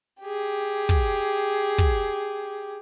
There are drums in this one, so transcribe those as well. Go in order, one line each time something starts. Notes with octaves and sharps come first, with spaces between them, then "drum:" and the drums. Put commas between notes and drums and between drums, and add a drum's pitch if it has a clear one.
G4 G#4
drum: kick
drum: kick